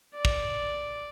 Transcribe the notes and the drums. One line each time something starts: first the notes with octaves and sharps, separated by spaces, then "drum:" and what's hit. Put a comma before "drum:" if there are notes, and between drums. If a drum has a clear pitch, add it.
D5
drum: kick